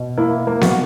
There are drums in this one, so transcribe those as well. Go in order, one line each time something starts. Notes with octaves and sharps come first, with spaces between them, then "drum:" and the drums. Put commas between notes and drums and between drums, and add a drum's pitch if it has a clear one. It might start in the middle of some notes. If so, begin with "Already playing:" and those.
Already playing: B2
A#3 E4
A#3
F#4, drum: snare B3